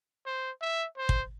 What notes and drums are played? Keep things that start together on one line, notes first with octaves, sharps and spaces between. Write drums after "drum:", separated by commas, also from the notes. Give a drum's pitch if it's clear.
C5
E5
C5
drum: kick